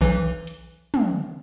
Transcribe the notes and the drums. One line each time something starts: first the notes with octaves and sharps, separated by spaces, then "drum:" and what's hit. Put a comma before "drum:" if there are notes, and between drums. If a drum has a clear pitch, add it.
B1 E3
drum: hi-hat
drum: tom